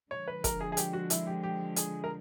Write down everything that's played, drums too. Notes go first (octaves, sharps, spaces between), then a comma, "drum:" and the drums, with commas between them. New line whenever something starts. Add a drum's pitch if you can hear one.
D3 F3 G#3 C#5
B4
A#4, drum: kick, hi-hat
G#4
G#4
G4, drum: hi-hat
F#4
E4, drum: hi-hat
G4
G4
G#4, drum: hi-hat
A#4